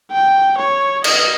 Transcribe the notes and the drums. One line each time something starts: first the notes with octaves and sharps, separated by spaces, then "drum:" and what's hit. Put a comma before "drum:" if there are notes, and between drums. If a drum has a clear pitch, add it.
G5
C#5
D#5, drum: cymbal